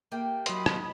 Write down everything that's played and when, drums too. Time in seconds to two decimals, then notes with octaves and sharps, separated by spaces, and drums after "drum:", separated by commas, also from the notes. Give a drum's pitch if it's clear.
0.12 A3 A#3 G4 G5
0.46 F#3 D#5 B5 C6, drum: hi-hat
0.66 drum: rim click